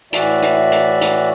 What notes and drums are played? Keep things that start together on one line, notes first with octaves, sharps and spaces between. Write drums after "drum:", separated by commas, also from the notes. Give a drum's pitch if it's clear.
A2 E3 F#4 D5 E5, drum: hi-hat
drum: hi-hat
drum: hi-hat
drum: hi-hat